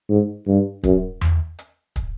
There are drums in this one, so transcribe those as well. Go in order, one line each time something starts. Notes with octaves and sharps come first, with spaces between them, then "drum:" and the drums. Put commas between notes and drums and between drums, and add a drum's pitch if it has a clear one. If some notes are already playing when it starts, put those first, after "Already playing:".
G#2
G2
F#2, drum: kick, hi-hat
drum: tom E2
drum: hi-hat
drum: kick, hi-hat